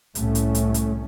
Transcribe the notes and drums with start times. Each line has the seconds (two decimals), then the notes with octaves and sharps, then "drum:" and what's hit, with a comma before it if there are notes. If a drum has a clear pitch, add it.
0.15 C2 A2 A3 C#4, drum: hi-hat
0.35 drum: hi-hat
0.55 drum: hi-hat
0.74 drum: hi-hat